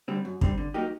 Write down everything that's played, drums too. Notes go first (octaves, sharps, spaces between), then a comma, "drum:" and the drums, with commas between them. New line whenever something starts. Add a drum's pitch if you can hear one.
D3 G3 C4
F#2
D3 G3 C4, drum: kick
D3
F#3 A#3 D#4 G4